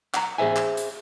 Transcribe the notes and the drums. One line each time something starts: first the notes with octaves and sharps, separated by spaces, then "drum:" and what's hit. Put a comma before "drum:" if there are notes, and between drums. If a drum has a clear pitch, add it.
F#5 A#5, drum: clap
G#4 A4 C5 E5 G#5
drum: clap
drum: hi-hat